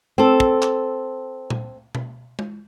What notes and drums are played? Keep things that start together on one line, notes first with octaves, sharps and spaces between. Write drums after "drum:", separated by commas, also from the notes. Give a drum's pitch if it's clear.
C4 A4
drum: kick
drum: clap
drum: tom A#2
drum: tom B2
drum: tom G#3